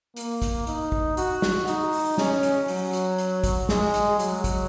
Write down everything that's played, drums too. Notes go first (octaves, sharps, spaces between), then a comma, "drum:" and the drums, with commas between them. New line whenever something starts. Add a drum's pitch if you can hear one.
A#3, drum: hi-hat
drum: kick, hi-hat
D#4, drum: hi-hat
drum: kick
F#4, drum: hi-hat
drum: snare
D#4, drum: hi-hat
drum: open hi-hat
C#4, drum: snare
drum: hi-hat
F#3, drum: open hi-hat
drum: hi-hat
drum: hi-hat
drum: kick, hi-hat
G#3, drum: snare
drum: hi-hat
F#3, drum: hi-hat
drum: kick, hi-hat